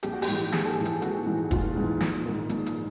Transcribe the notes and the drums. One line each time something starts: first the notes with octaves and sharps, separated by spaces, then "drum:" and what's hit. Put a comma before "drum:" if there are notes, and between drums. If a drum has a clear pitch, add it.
A#1 G4, drum: hi-hat
F#4
G4, drum: open hi-hat
G#2 E3
A#1 G#4, drum: snare
A4
G#2 E3 G#4
drum: hi-hat
A#1 F#4, drum: hi-hat
G#2 E3
A#1 F4, drum: kick, hi-hat
G#2 E3
A#1, drum: snare
G#2 D#3
A#1, drum: hi-hat
drum: hi-hat